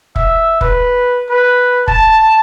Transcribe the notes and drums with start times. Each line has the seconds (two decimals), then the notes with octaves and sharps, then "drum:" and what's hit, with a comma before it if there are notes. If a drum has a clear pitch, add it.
0.16 E5, drum: kick
0.61 B4, drum: kick
1.29 B4
1.88 A5, drum: kick